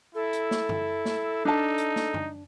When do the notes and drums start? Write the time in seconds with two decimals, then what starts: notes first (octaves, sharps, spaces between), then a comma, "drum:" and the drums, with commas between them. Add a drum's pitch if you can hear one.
0.15 E4 A4
0.33 drum: hi-hat
0.51 drum: snare
0.69 drum: tom F#2
1.05 drum: snare
1.45 D4 D#4 A5
1.78 drum: hi-hat
1.96 drum: snare
2.14 drum: tom F#2